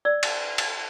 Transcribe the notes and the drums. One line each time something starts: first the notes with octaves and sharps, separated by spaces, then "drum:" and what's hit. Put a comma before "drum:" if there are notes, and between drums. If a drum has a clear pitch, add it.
D5 E6
drum: cymbal
drum: cymbal